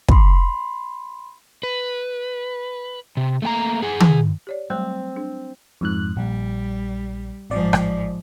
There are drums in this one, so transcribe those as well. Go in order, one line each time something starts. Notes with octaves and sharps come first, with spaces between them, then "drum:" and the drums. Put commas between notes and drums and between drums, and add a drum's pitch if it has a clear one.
B5 C6, drum: kick
B4
C3
A3 A#3 G5 A#5
G#4 F#5 G#5
drum: tom D#3
G4 C#5 D5
F#3 G3 A3 C4
D4
F2 G#2 F#6
A#1 G3
A1 G#2 F3 D5
drum: rim click